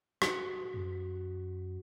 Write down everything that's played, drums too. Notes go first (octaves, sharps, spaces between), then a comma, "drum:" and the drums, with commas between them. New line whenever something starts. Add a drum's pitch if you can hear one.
F#4, drum: rim click
F#2